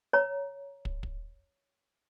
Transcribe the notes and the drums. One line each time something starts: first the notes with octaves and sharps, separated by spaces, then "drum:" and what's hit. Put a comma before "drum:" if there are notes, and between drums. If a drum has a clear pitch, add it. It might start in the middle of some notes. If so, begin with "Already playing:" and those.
C#5 A#5
drum: kick
drum: kick